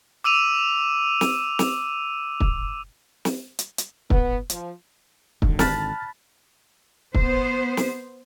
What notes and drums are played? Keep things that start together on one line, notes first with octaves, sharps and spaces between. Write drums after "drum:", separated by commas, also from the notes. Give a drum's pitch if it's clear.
D6 E6 D#7 F7
drum: snare
drum: snare
drum: kick
drum: snare
drum: hi-hat
drum: hi-hat
B3, drum: kick
F3, drum: hi-hat
G#1 D3, drum: kick
A5 B5 F6 F#6 A6, drum: snare
B3 C5, drum: kick
drum: snare